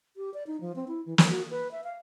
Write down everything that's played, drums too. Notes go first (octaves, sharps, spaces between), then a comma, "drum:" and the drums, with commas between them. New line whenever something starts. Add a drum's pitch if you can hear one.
G4
D5
D#4
F3
C4
E4
E3
C5, drum: snare
F#4
B4
E5
F5